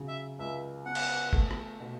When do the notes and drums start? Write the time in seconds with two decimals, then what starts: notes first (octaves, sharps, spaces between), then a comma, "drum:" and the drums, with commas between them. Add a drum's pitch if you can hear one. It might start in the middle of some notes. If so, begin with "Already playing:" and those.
Already playing: C#3 F#3
0.08 E5
0.39 C#2 E5
0.86 B3 F#5
0.95 drum: cymbal
1.33 A3, drum: kick G1
1.51 drum: rim click
1.80 B2